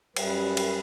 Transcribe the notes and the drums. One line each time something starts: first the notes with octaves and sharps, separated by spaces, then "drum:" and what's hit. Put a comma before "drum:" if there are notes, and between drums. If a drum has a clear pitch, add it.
F#2 G3 B4, drum: cymbal
drum: cymbal